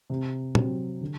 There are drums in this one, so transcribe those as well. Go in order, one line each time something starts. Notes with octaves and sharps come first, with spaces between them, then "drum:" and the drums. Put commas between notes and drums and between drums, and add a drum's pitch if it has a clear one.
C3
F#3 C4, drum: tom
D3